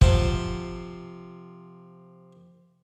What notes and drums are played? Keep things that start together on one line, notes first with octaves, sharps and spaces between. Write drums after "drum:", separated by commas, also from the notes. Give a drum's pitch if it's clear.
C3 F3 F#5 A5 C6, drum: kick